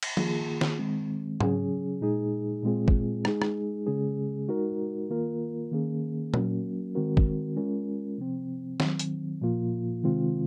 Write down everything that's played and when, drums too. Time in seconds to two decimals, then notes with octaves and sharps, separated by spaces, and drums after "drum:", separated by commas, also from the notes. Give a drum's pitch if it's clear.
0.03 drum: cymbal
0.17 D#3 A#3 F4 G#4, drum: tom F3
0.61 drum: snare
0.79 D#3 G#3 C4
1.40 C#3 F#3 C#4 G#4, drum: tom G#2
2.01 A#2 G#3 D#4 G#4
2.63 A#2 G#3 C4 F4 G#4
2.88 drum: kick
3.25 G#3 D#4 G#4, drum: rim click
3.42 drum: rim click
3.87 C#3 G#3 C#4 G#4
4.48 G#3 D#4 F#4 A#4
5.10 D#3 A#3 F4 A#4
5.72 D#3 A#3 C#4 G#4
6.34 F#3 A#3 C#4 F#4 A#4, drum: tom A#2
6.95 D#3 G#3 C4 F#4 A#4
7.17 drum: kick
7.57 G#3 C#4 F4 A#4
8.18 C3 F3 C4
8.80 D#3 F#3 C4, drum: snare
8.99 drum: hi-hat
9.42 A#2 F3 A#3 F4
10.04 C3 D#3 G#3 C4 F4